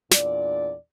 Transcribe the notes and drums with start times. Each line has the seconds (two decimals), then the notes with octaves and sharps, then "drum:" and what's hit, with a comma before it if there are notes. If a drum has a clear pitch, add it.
0.11 E2 A#2 D4 D5, drum: snare